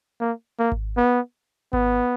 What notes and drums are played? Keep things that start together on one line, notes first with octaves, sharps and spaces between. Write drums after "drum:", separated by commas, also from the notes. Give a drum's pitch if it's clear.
A#3
A#3
drum: kick G#1
B3
B3, drum: kick G#1